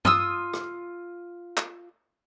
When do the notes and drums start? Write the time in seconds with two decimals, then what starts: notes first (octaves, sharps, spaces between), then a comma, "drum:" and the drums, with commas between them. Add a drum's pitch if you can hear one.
0.05 F4 D#6 E6, drum: tom G2
0.53 drum: rim click
1.57 drum: clap